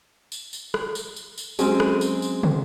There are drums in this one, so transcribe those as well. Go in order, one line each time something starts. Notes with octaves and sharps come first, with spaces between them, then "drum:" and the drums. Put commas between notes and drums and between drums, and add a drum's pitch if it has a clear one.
drum: tambourine
drum: tambourine
drum: rim click
drum: tambourine
drum: tambourine
drum: tambourine
F#3 G#3 C4 C#4 F#4 G#4, drum: tambourine
drum: rim click
drum: tambourine
drum: tambourine
drum: tom